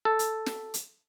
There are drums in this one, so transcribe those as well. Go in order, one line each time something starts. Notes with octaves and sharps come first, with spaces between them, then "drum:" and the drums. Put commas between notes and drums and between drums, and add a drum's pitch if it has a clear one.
A4
drum: hi-hat
drum: snare
drum: hi-hat